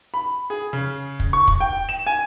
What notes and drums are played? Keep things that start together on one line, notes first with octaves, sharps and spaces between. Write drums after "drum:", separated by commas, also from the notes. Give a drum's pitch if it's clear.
B5
G#4
C#3
drum: kick
C#6
drum: kick
G5
E7
G#5